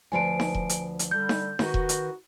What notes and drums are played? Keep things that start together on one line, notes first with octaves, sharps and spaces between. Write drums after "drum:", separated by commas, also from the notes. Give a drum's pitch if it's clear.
D2 F3 B4 G#5 D7
drum: snare D#4
drum: kick E1
drum: hi-hat
drum: hi-hat
D3 G3 G6
drum: snare D#4
D#3 F#4 B4, drum: snare D#4
drum: kick E1
drum: hi-hat